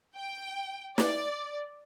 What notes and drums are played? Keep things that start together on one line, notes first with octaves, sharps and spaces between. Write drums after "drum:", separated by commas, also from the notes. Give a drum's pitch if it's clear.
G5
D5, drum: snare